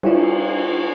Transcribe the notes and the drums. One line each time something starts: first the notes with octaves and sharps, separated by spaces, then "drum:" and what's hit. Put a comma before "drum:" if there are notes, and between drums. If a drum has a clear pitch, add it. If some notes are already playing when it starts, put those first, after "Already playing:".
G3 E4 F4, drum: cymbal